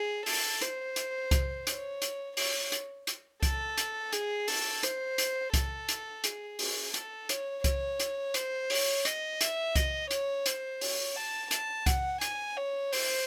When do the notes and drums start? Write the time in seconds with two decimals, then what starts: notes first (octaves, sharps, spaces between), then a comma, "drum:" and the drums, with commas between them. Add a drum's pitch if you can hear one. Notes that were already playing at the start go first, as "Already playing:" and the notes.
Already playing: G#4
0.26 A4, drum: open hi-hat
0.61 C5, drum: hi-hat
0.96 drum: hi-hat
1.31 drum: kick C2, hi-hat
1.67 C#5, drum: hi-hat
2.02 drum: hi-hat
2.37 C#5, drum: open hi-hat
2.72 drum: hi-hat
3.07 drum: hi-hat
3.43 A4, drum: kick C2, hi-hat
3.78 drum: hi-hat
4.13 G#4, drum: hi-hat
4.48 A4, drum: open hi-hat
4.83 C5, drum: hi-hat
5.18 drum: hi-hat
5.54 A4, drum: kick C2, hi-hat
5.89 drum: hi-hat
6.24 G#4, drum: hi-hat
6.59 drum: open hi-hat
6.94 A4, drum: hi-hat
7.29 C#5, drum: hi-hat
7.64 C#5, drum: kick C2, hi-hat
8.00 drum: hi-hat
8.34 C5, drum: hi-hat
8.70 C#5, drum: open hi-hat
9.05 D#5, drum: hi-hat
9.41 E5, drum: hi-hat
9.76 D#5, drum: kick C2, hi-hat
10.11 C#5, drum: hi-hat
10.46 C5, drum: hi-hat
10.81 C#5, drum: open hi-hat
11.16 A5
11.51 A5, drum: hi-hat
11.86 F#5, drum: kick C2, hi-hat
12.21 G#5, drum: hi-hat
12.57 C#5
12.93 C5, drum: open hi-hat